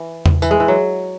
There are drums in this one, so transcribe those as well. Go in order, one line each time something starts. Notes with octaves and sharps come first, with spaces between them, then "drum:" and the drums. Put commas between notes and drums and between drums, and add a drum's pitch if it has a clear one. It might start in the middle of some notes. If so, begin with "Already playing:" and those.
Already playing: E3
drum: tom E2
E3, drum: tambourine
G#3
E3
F#3